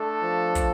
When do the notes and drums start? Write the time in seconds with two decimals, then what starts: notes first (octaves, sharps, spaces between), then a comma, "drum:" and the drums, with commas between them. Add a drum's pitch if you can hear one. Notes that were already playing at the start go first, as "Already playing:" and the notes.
Already playing: A3 D4 A4
0.23 F3
0.55 drum: kick, hi-hat